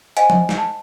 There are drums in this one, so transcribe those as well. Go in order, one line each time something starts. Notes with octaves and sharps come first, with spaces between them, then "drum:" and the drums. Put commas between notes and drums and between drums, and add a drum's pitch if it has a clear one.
C5 D#5 F#5 G#5, drum: hi-hat
drum: tom F3
drum: snare
A5